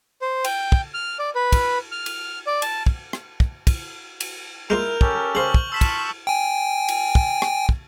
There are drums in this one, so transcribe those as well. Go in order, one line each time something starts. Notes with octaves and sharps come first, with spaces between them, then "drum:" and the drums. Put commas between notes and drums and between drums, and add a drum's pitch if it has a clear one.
C5
G5, drum: cymbal
drum: kick
F6
D5
B4
drum: kick, cymbal
F6
drum: cymbal
D5
A5, drum: cymbal
drum: kick
drum: rim click
drum: kick
drum: kick, cymbal
drum: cymbal
G#3 A#3 E4 F4 A#4 F6 G6 F7
C#4 G4 A4, drum: kick
C#3 C5 C#6 F6 F#7
drum: kick
A5 C6 C#6 E6 B6 E7
drum: kick, cymbal
G5 G#5
drum: cymbal
drum: kick
drum: rim click
drum: kick